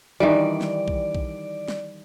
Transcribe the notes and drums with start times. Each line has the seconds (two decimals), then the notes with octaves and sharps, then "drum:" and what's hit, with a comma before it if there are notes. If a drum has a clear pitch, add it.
0.20 D#3 E3 G3 D5
0.61 drum: snare
0.88 drum: kick
1.15 drum: kick
1.68 drum: snare